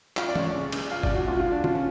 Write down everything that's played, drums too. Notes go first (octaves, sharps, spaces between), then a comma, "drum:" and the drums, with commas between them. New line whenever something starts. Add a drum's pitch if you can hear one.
F3 F5, drum: clap
D5
C#2 C#5, drum: tom
C#3 D5
C#3, drum: cymbal
F3 F5
D5, drum: kick G1
F3
F#4
C#2 F4
F4
F3
D4
C#3 F4, drum: tom
C#4